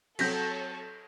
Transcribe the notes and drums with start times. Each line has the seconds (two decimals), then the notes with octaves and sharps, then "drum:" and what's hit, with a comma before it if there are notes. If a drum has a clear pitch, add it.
0.19 F#3 C4 A4 C#5 A5 G6 A#6 B6, drum: cymbal